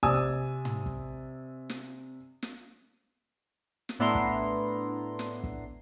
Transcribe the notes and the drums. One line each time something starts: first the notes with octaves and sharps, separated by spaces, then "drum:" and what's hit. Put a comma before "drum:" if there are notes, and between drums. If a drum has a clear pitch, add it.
C3 D5 G#5 D#6 E6, drum: kick
drum: tom
drum: kick
drum: snare
drum: snare
drum: snare
A2 B3 D4 E4 A#5 C6
drum: kick
drum: snare
drum: kick